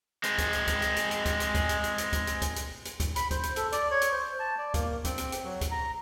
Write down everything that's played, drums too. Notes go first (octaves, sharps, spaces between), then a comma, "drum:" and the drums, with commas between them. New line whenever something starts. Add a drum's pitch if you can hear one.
G#3 C4, drum: hi-hat
drum: kick C#2, hi-hat
drum: hi-hat
drum: kick C#2, hi-hat
drum: hi-hat
drum: hi-hat
drum: hi-hat
drum: kick C#2, hi-hat
drum: hi-hat
drum: kick C#2, hi-hat
drum: hi-hat
drum: hi-hat
drum: hi-hat
drum: kick C#2, hi-hat
drum: hi-hat
drum: kick C#2, hi-hat
drum: hi-hat
drum: hi-hat
drum: kick C#2, hi-hat
B5, drum: hi-hat
C5, drum: kick C#2, hi-hat
drum: hi-hat
A4, drum: hi-hat
D5, drum: hi-hat
C#5
drum: hi-hat
C5
A5
D5
A#3, drum: kick C#2, hi-hat
C4, drum: kick C#2, hi-hat
drum: hi-hat
drum: hi-hat
F#3
drum: kick C#2, hi-hat
A#5